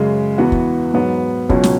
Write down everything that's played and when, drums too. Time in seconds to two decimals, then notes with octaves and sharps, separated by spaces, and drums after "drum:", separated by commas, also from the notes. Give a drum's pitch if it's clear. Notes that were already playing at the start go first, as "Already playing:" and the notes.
Already playing: F#2 C#3 G#3
0.38 E2 E3 B3 F#4
0.52 drum: kick
0.94 G#2 F#3 B3
1.50 C#2 B2 F#3 C#4, drum: kick
1.64 drum: snare